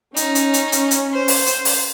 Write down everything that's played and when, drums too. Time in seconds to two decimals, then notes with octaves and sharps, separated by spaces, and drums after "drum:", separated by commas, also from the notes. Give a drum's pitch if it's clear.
0.16 C#4 D#4, drum: hi-hat
0.35 drum: hi-hat
0.54 drum: hi-hat
0.72 drum: hi-hat
0.91 drum: hi-hat
1.14 C5
1.28 drum: open hi-hat
1.46 drum: hi-hat
1.65 drum: open hi-hat